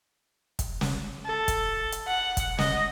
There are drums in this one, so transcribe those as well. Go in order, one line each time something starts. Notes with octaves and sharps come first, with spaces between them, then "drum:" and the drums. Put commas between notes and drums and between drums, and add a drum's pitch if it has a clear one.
drum: kick, hi-hat
drum: snare
A4
drum: kick, hi-hat
drum: hi-hat
F#5
drum: kick, hi-hat
D#5, drum: snare